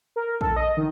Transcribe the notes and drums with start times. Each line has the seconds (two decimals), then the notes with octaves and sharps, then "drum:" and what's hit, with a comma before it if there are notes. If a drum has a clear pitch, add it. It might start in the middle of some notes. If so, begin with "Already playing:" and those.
0.16 A#4
0.41 A4, drum: kick A#1
0.56 D#5
0.77 D#3